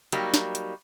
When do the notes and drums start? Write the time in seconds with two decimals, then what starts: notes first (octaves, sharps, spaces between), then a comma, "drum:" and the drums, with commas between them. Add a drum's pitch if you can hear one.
0.12 F#3 G3 A#3 D#4 G4, drum: hi-hat
0.34 drum: snare
0.55 drum: hi-hat